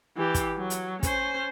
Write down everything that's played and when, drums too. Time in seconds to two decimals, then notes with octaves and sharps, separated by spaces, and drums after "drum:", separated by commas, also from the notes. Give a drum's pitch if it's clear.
0.17 E3 G4
0.34 drum: kick, hi-hat
0.57 F#3
0.70 drum: hi-hat
1.03 C#4 C5, drum: kick, hi-hat